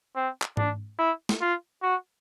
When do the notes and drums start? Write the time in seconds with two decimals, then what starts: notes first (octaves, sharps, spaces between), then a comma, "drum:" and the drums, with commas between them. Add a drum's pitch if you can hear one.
0.16 C4
0.42 drum: clap
0.57 D4, drum: tom G#2
0.99 E4
1.29 drum: snare
1.41 F4
1.82 F#4